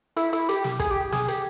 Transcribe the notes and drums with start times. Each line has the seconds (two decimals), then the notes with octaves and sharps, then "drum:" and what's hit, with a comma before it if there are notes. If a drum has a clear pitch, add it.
0.17 E4, drum: hi-hat
0.33 E4, drum: hi-hat
0.49 G4, drum: hi-hat
0.64 drum: snare
0.79 G#4, drum: kick, hi-hat
0.91 G4
1.12 G#4, drum: snare
1.28 G4, drum: hi-hat